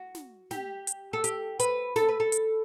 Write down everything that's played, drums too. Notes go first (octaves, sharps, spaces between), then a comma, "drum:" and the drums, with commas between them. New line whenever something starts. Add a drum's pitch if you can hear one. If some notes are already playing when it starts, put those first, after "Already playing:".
Already playing: F#4
drum: snare
G4, drum: snare
drum: hi-hat
A4
G4, drum: hi-hat
B4, drum: hi-hat
A4, drum: snare
B4
A4
drum: hi-hat